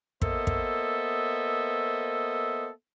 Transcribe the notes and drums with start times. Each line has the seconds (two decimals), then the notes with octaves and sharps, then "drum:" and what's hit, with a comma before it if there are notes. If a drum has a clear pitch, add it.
0.22 A#3 B3 A4 C5 D#5 E5, drum: kick
0.47 drum: kick